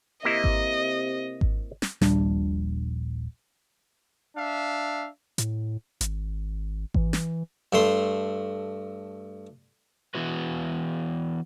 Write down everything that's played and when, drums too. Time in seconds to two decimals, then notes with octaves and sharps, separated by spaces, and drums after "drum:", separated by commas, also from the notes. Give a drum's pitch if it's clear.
0.25 C3 A#3 C4 E4 D#5
0.44 drum: kick G#1
1.41 drum: kick G#1
1.82 drum: snare
2.01 D#1 A#1 G3 D4, drum: snare
4.36 D4 E5 F5
5.38 A2, drum: hi-hat
6.01 G#1, drum: hi-hat
6.94 E3, drum: kick G#1
7.13 drum: snare
7.73 G2 A3 C6
10.15 E3 B3 E4 F#4 B4